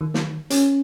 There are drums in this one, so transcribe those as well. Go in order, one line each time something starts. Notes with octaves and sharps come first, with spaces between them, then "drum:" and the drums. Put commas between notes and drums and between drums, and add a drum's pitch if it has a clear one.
D#3
drum: snare
C#4, drum: hi-hat